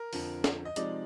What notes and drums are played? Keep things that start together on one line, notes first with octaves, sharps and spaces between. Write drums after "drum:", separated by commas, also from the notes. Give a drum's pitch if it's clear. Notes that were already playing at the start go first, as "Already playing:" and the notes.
Already playing: A#4
F2 D3 F3, drum: open hi-hat
drum: snare
D#5
C3 F3 G#3 D#4 D5, drum: hi-hat